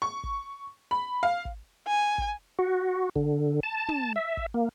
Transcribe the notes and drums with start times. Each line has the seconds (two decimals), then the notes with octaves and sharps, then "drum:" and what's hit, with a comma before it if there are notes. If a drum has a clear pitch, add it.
0.02 C#6
0.24 drum: kick
0.91 B5
1.23 F5
1.45 drum: kick
1.88 G#5
2.18 drum: kick
2.59 F#4
3.15 D3, drum: kick
3.63 A5
3.88 drum: tom
4.16 E5
4.37 drum: kick
4.54 A#3